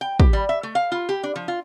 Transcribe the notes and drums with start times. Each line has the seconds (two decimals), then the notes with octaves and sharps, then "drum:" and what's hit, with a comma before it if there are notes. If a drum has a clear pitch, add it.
0.01 G5
0.20 G4, drum: kick
0.33 G3
0.49 E5
0.63 A3
0.75 F5
0.92 F4
1.09 G4
1.23 D4
1.36 F3
1.48 F4